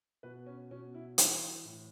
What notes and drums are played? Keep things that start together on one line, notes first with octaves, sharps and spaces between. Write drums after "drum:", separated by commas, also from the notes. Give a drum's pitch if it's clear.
B2 B4
C#4
B2 C#4
E4
E3 E4, drum: hi-hat
A2